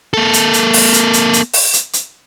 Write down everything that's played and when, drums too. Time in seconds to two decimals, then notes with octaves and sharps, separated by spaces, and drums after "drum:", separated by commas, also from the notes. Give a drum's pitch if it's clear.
0.13 A#3 A4
0.33 drum: hi-hat
0.53 drum: hi-hat
0.73 drum: open hi-hat
0.93 drum: hi-hat
1.13 drum: hi-hat
1.33 drum: hi-hat
1.53 drum: open hi-hat
1.73 drum: hi-hat
1.93 drum: hi-hat